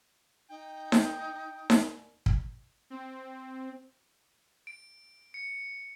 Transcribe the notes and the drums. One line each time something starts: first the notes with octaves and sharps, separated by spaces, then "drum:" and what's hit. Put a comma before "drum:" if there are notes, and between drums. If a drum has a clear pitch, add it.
D#4 G5
drum: snare D#4
drum: snare D#4
drum: kick
C4
D7
C#7